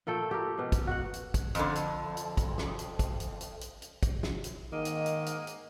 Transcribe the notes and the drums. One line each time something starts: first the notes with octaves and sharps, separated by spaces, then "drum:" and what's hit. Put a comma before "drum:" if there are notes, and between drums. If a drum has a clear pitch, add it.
A#2 A3 A4 G5
G4 A4 A#4
B2 G#3
drum: kick, hi-hat
F#4 F#5
drum: hi-hat
drum: kick, hi-hat
F2 D3, drum: hi-hat
drum: hi-hat
drum: hi-hat
drum: kick, hi-hat
drum: snare
drum: hi-hat
drum: kick, hi-hat
drum: hi-hat
drum: hi-hat
drum: hi-hat
drum: hi-hat
drum: kick, hi-hat
drum: snare
drum: hi-hat
G#2 D#3 A#3 D#5
drum: hi-hat
drum: hi-hat
drum: hi-hat
drum: hi-hat